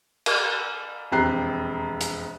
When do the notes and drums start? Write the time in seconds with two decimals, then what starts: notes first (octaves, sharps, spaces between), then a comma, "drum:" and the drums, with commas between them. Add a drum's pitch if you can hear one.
0.26 drum: cymbal
1.12 E1 F2 G4 A#5 F#6 C7
2.01 drum: hi-hat